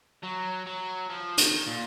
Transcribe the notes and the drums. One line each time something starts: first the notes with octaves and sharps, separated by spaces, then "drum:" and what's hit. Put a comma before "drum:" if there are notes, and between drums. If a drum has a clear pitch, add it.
F#3
F#3
F3
D#3, drum: hi-hat
A#2